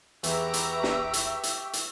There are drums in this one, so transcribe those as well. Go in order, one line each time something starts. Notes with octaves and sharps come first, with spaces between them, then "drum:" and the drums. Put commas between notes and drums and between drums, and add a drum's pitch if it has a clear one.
E2 G4 B4 E5 A#5 C#6 D6 E6, drum: hi-hat
drum: hi-hat
drum: snare
drum: hi-hat
drum: hi-hat
drum: hi-hat